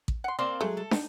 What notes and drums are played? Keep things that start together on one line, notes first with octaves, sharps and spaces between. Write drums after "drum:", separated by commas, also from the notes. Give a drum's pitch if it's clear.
drum: kick A1
F#5 C6
A#3 C4 D5 C6
F#3 G#3 A3 G#4
A4
D#4, drum: snare